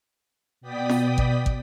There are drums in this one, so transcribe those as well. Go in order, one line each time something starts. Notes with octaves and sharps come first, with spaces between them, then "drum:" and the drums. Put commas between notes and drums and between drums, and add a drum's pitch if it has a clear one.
B2 B3 D5 G5 D#6 B6
drum: snare
drum: kick
drum: kick